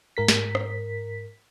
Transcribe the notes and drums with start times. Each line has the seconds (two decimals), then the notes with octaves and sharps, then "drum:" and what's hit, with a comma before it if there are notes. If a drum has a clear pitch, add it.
0.17 G#2 A#4 B6
0.28 drum: snare
0.55 drum: rim click